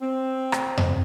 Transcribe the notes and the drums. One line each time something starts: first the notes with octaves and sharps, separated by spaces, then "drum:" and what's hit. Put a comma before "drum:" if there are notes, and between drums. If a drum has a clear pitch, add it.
C4
drum: rim click
drum: tom F2